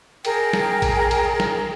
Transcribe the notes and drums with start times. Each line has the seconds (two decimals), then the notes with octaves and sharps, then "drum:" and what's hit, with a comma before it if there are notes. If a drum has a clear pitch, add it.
0.25 G#4 A#4 G5, drum: cymbal
0.53 drum: snare
0.82 drum: kick A#1, cymbal
1.11 drum: cymbal
1.40 drum: snare